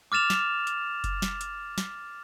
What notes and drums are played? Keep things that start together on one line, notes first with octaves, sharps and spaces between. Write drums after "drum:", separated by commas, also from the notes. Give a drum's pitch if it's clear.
D6 F6 A6 E7 F7
drum: snare
drum: hi-hat
drum: kick F#1, hi-hat
drum: snare
drum: hi-hat
drum: snare